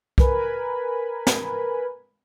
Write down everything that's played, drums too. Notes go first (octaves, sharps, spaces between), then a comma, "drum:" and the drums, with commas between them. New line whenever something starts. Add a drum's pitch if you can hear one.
A#4 B4 G#5 B5, drum: kick
drum: snare